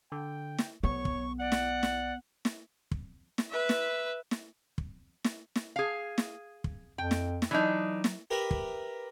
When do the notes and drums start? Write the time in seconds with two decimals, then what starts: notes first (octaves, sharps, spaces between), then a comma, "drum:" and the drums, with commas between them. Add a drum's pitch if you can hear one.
0.12 D3 G5
0.58 drum: snare
0.83 B1 B3 C#5 C#6
1.05 drum: kick
1.40 D5 F#5
1.52 drum: snare
1.83 drum: snare
2.45 drum: snare
2.91 drum: kick
3.38 drum: snare
3.50 B4 E5
3.69 drum: snare
4.31 drum: snare
4.78 drum: kick
5.24 drum: snare
5.56 drum: snare
5.76 G#4 F5
6.18 drum: snare
6.64 drum: kick
6.98 F2 G5
7.11 drum: snare
7.42 drum: snare
7.51 E3 F#3 D4 D#4
8.04 drum: snare
8.31 G4 A#4 B4 E5
8.51 drum: kick